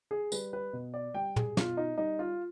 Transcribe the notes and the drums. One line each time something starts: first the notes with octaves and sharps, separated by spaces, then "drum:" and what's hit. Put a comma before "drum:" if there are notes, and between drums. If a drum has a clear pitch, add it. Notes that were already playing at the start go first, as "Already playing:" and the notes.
G#4
G3 B4, drum: tambourine
B4
B2
D5
G3 G5
G#4, drum: tom
B2 F4, drum: snare
D#4
G3 D#4
F4